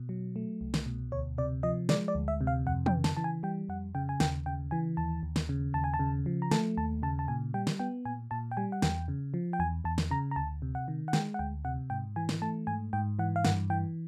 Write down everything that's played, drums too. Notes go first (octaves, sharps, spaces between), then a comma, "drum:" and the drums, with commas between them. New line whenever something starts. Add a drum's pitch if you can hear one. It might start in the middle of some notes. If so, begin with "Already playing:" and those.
Already playing: B2
F#3
A3
C2
drum: snare
B2
D2 C#5
C3 D5
F3 D#5
G#3 D5, drum: snare
D5
D2
E5
C3
F5
F2 F#5
G5, drum: tom
C#3
A5, drum: snare
E3 A5
G#5
G3 G5
F2 F#5
C#3 G5
G#5
D#2 G5, drum: snare
C#3 G5
E3 G#5
D#2 A5
D#2
drum: snare
C#3
D#2 A5
G#5
A5
C#3
F3
A#5
A3 A5, drum: snare
D#2 A5
C#3 A5
A5
A#2 G#5
G3 G5
drum: snare
B3 G5
A#2 G#5
A#2 A5
G5
G3 G#5
F#5
E2 G5, drum: snare
C#3
F3
G5
E2 G#5
E2 A5
drum: snare
C#3 A#5
A#5
D2 A5
C3
F#5
D#3
F#5
G#3 G5, drum: snare
F#5
D2 G5
C3 F#5
G#2 G5
E3 G#5
drum: snare
A3 A5
G#2 G#5
G#2 G5
E3 F#5
F5
G2 F#5, drum: snare
E3 G5